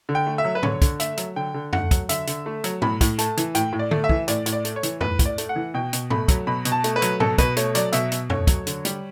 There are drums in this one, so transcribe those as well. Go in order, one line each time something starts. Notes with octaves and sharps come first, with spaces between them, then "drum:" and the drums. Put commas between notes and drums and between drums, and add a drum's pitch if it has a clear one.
D3
G5
A3
E5
F#3
B4
D3 C#5, drum: tom G#2
D3, drum: kick, hi-hat
A3 E5, drum: hi-hat
F#3, drum: hi-hat
D3 G5
D3
A3 F#5, drum: tom E2
F#3, drum: kick, hi-hat
D3 E5, drum: hi-hat
D3, drum: hi-hat
A3
F#3, drum: hi-hat
A2 B5, drum: tom G#2
A2, drum: kick, hi-hat
A3 A5, drum: hi-hat
E3, drum: hi-hat
A2 G5, drum: hi-hat
A2
D5
A3, drum: tom D3
E5
E3, drum: kick
A2 D5, drum: hi-hat
A2, drum: hi-hat
D5
A3, drum: hi-hat
C#5
E3, drum: hi-hat
A2 B4, drum: tom E2
A2, drum: kick, hi-hat
D5
A3, drum: hi-hat
F#5
E3
B2 G5
B2, drum: hi-hat
A3 B5, drum: tom G#2
F#3, drum: kick, hi-hat
B2 B5
B2, drum: hi-hat
A5
A3, drum: hi-hat
B4
F#3, drum: hi-hat
B2 A4, drum: tom G#2
B2 B4, drum: kick, hi-hat
A3 C#5, drum: hi-hat
F#3 D5, drum: hi-hat
B2 E5, drum: hi-hat
B2, drum: hi-hat
A3 C#5, drum: tom E2
F#3, drum: kick, hi-hat
D3, drum: hi-hat
G3, drum: hi-hat